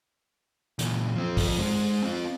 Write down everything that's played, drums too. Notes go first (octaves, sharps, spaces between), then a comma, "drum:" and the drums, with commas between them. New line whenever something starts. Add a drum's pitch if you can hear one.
A#2 E3, drum: hi-hat
F3 C4
drum: kick, open hi-hat
G#3 C5
C4 F4